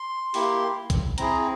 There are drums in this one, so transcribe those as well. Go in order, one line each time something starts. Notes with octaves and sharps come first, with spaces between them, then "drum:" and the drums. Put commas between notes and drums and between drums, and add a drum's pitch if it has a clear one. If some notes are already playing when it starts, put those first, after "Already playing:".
Already playing: C6
A#3 E4 G4, drum: open hi-hat
drum: kick A#1, hi-hat
C4 E4 G#4 A#5, drum: hi-hat